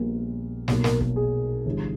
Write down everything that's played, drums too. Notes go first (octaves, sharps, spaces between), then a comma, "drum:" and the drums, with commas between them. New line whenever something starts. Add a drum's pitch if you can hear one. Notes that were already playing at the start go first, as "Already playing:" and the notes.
Already playing: A#1 A#2 G3 B3 A#4
B1 B2 A#3, drum: snare
A#4, drum: snare
A#4, drum: kick
G#4
G1 G2 E3